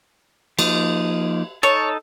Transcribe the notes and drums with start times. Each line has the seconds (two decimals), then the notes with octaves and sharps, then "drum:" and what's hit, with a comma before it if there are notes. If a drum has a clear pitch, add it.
0.59 F3 A#3 D#4, drum: cymbal
1.63 D#4 A4 C#5 A5